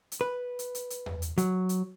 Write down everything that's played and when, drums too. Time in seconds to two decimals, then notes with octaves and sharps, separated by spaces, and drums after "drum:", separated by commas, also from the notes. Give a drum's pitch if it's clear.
0.12 drum: hi-hat
0.21 B4
0.59 drum: hi-hat
0.75 drum: hi-hat
0.90 drum: hi-hat
1.06 drum: tom E2
1.22 drum: hi-hat
1.38 F#3, drum: hi-hat
1.69 drum: hi-hat